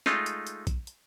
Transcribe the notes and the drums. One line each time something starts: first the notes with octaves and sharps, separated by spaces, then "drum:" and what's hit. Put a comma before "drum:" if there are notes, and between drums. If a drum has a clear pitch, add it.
G#3 A3 D#4 F4, drum: snare
drum: hi-hat
drum: hi-hat
drum: kick, hi-hat
drum: hi-hat